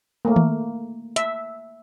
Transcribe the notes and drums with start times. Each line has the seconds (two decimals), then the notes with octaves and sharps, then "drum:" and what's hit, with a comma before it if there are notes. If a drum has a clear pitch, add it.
0.25 A3 A#3
0.36 drum: tom D#3
1.16 E5, drum: hi-hat